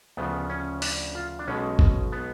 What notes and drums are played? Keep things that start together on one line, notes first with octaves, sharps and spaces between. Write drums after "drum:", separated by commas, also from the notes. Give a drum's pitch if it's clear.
D2 C#3 F3 B3
C#4
D4, drum: open hi-hat
F4
D4
B1 B2 G#3 C#4
drum: kick
B3